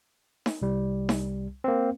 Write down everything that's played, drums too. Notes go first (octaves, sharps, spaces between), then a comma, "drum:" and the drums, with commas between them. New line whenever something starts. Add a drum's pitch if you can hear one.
drum: snare D#4
C2 G3
drum: snare D#4
A#3 C4